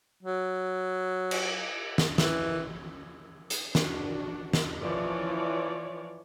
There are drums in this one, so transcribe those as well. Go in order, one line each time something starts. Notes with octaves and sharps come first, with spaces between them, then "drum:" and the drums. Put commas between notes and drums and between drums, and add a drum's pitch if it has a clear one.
F#3
drum: cymbal
drum: snare
E3, drum: snare
drum: hi-hat
D4 F#4, drum: snare
drum: snare
E3 F3 C#5 D5